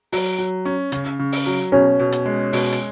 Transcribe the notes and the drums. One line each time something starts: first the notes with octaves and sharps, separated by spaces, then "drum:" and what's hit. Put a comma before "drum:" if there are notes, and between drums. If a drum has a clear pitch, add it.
F#3, drum: open hi-hat
F#3
C#4
C#3, drum: hi-hat
C#3
drum: open hi-hat
F#3
B2 C#4
B2
drum: hi-hat
G#3
B2, drum: open hi-hat
drum: hi-hat